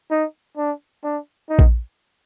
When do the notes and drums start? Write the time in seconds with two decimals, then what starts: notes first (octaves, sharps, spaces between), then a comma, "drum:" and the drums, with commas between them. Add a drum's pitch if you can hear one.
0.11 D#4
0.58 D4
1.04 D4
1.50 D#4
1.59 drum: kick A#1